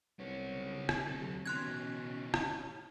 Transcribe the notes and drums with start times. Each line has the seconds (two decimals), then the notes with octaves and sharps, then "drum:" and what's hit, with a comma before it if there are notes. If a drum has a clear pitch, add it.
0.20 C2 B3 C#5
0.53 C#3
0.89 drum: rim click
1.06 D2 C3 F#3 A4
1.46 B2 D#3 E3 C#4 C6 F#6 G#6
2.34 drum: rim click